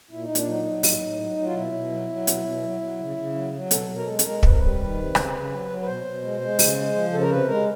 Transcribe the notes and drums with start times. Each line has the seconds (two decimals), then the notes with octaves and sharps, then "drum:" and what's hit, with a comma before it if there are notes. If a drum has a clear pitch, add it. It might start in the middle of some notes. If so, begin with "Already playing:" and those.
0.11 A#2 E4
0.23 D#4
0.29 A#2
0.35 D4, drum: hi-hat
0.47 F#3 D#4
0.65 F#3
0.83 A2, drum: open hi-hat
1.01 A2
1.19 F#3
1.37 F#3
1.45 F4
1.55 B2 E4
1.73 B2
1.91 F#3
2.09 F#3
2.27 B2, drum: hi-hat
2.45 B2
2.63 F#3
2.81 F#3
2.99 C#3
3.17 C#3
3.35 F#3
3.53 F#3
3.71 B2 A4, drum: hi-hat
3.89 B2
3.97 A#4
4.07 G#3 A4
4.19 A4, drum: hi-hat
4.25 G#3 A#4
4.43 C3 B4, drum: kick
4.51 A#4
4.59 G3 B4
4.79 D#3
4.97 C3
5.15 C#3, drum: rim click
5.33 C#3
5.51 F#3
5.69 F#3
5.82 B4
5.86 B2 C5
6.05 B2
6.22 G#3
6.41 G#3
6.59 C#3, drum: open hi-hat
6.77 G#3
6.95 F3
7.13 C#3 A4
7.21 A#4
7.31 C3 B4
7.48 G#3 A#4